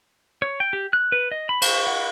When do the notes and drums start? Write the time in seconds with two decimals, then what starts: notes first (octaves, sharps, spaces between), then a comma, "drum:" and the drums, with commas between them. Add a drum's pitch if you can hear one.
0.42 C#5
0.60 G5
0.73 G4
0.93 F#6
1.12 B4
1.32 D#5
1.49 B5
1.62 C5, drum: cymbal
1.87 F#5